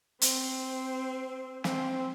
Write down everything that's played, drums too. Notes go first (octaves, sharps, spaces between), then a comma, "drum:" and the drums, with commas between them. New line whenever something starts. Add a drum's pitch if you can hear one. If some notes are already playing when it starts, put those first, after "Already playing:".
C4, drum: hi-hat
C4, drum: snare